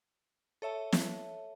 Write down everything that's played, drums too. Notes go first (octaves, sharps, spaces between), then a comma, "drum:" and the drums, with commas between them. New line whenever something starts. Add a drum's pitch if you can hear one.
A4 C#5 E5 A5
drum: snare